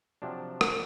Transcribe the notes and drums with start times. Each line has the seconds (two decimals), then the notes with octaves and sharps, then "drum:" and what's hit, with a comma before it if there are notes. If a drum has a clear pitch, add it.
0.22 C3 F3 F#3 D4
0.61 drum: rim click